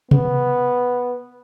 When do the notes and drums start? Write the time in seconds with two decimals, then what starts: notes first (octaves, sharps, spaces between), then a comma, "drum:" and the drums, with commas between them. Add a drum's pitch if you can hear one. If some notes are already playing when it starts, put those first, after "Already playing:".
0.11 B3, drum: tom C3